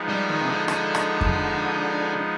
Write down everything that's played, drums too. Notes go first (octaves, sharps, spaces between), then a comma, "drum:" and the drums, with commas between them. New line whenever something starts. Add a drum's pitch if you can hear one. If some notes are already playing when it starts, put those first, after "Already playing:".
Already playing: F3 G#3 B3 D#4
G3
D#3
C3
D3
D3, drum: rim click
drum: rim click
drum: kick F2